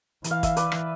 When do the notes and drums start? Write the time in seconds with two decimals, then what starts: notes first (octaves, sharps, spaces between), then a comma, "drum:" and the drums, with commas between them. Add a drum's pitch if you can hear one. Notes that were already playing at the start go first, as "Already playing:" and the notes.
0.24 E3, drum: hi-hat
0.31 F5
0.43 E5, drum: kick, hi-hat
0.57 B4 D5, drum: hi-hat
0.72 drum: rim click